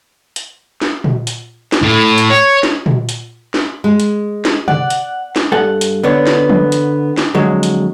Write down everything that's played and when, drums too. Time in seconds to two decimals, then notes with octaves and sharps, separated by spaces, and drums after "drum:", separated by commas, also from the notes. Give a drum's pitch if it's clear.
0.36 drum: hi-hat
0.82 drum: snare
1.04 drum: tom A#2
1.27 drum: hi-hat
1.72 drum: snare
1.83 A2
2.18 drum: hi-hat
2.30 C#5
2.63 drum: snare
2.86 drum: tom A#2
3.09 drum: hi-hat
3.54 drum: snare
3.84 G#3
4.00 drum: hi-hat
4.45 drum: snare
4.68 D5 F#5, drum: tom C3
4.90 drum: hi-hat
5.36 drum: snare
5.52 G2 A4 F#5
5.81 drum: hi-hat
6.03 D3 B3 C#5
6.27 drum: snare
6.49 drum: tom E3
6.72 drum: hi-hat
7.18 drum: snare
7.34 F2 D3 F#3 G#3
7.63 drum: hi-hat